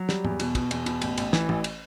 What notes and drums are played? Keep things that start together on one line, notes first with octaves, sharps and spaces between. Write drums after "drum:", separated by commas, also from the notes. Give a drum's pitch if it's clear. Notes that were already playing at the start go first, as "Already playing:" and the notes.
Already playing: F#3
G3, drum: snare
E2, drum: tom
B2, drum: cymbal
B2, drum: kick, cymbal
E2, drum: cymbal
B2, drum: cymbal
A1, drum: cymbal
A1, drum: cymbal
E3, drum: snare
A1, drum: tom
drum: cymbal